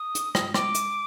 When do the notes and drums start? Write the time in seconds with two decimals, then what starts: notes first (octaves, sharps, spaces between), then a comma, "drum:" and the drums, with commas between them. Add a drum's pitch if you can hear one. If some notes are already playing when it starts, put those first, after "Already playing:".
Already playing: D#6
0.15 drum: hi-hat
0.35 drum: rim click
0.54 D6, drum: rim click
0.75 drum: hi-hat